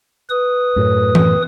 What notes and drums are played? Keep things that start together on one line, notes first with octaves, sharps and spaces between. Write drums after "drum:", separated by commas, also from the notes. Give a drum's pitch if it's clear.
B4 D#6
F#2 A2
drum: tom E3